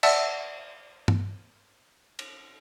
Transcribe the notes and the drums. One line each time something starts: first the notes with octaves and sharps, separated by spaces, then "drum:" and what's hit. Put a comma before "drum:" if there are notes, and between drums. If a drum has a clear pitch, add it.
D5 E5 F#5 A5 E6, drum: cymbal
drum: tom G2
drum: cymbal